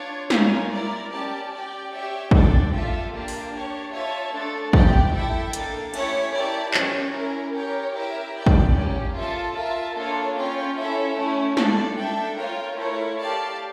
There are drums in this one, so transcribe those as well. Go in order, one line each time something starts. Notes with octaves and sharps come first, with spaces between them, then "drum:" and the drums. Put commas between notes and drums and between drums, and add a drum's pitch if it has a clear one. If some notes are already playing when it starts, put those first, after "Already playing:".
Already playing: D4 F4 C#5
C#4 F4 A#4 C#5, drum: snare
E4 A#4 D5
C#4 G4 D5 A5
G4 D5 G5
G4 C#5 E5 G5
D4 A4 D5 G5, drum: kick
F4 A4 E5
A#3 D4 G4
drum: open hi-hat
D4 G4 C#5
F4 C#5 E5 A5
A3 D4 A4
E4 G4 D5 G5, drum: kick
E4 A4 E5 G5
A#3 D4 A4, drum: hi-hat
A3 C#4 E4 G4 C#5, drum: cymbal
E4 G4 A#4 D5 A5
C#4 G4 C#5, drum: clap
C#4 E4 A#4
G4 A#4 C#5 G5
E4 G4 A#4 E5
G4 D5 G5
drum: kick
A#3 C#4 G4
F4 A4 E5 A5
F4 A#4 E5 A5
A#3 D4 F4 A4 C#5
C#4 F4 C#5 G5
C#4 E4 A4 C#5 E5
A3 C#4 E4
D4 A4 D5, drum: snare
D4 A4 E5 G5
F4 A#4 C#5 G5
A3 E4 A#4 C#5
G4 D5 F5 A5